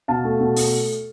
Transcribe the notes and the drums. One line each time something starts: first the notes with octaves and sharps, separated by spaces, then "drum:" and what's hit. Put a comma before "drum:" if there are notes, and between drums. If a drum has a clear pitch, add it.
B2 F5 A5
A3
B2
A3, drum: open hi-hat